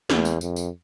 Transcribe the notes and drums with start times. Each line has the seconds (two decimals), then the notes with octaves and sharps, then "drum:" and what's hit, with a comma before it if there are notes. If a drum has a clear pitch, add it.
0.10 E2, drum: snare
0.25 drum: tambourine
0.41 F2, drum: tambourine
0.56 drum: tambourine